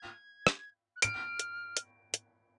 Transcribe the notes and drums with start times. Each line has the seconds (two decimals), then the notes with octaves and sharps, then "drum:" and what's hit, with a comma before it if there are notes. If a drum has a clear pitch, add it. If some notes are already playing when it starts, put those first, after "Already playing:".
Already playing: G#6
0.47 drum: rim click
0.96 F#6
1.02 F6 D7, drum: hi-hat
1.39 drum: hi-hat
1.77 drum: hi-hat
2.14 drum: hi-hat